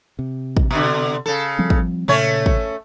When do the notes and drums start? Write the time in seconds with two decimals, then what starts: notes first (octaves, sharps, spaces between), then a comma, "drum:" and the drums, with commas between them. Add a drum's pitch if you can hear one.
0.19 C3
0.57 drum: kick
0.71 B2 D3
1.26 C#3 A4
1.59 F3 G3 C4
1.70 drum: kick
2.08 A#2 C#3 A3 C#4 C#5
2.46 drum: kick